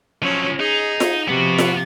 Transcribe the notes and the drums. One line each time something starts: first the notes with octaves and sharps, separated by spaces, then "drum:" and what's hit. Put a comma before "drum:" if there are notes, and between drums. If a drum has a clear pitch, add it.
F3 F#3 C#4
D#4 G#4
drum: snare F4
C3 F3 B3 F#4
drum: snare F4